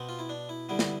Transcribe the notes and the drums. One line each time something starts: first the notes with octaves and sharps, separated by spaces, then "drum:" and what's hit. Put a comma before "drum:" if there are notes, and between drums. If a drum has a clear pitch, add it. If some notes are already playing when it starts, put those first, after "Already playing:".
Already playing: B2 B3 C4
F4
E4
D4
E4
D3 G3 B3 E4
drum: snare